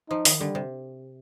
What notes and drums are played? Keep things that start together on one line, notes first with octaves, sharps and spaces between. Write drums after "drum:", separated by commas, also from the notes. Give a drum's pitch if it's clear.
F3 D#4
D#3, drum: open hi-hat
D3 G3
C3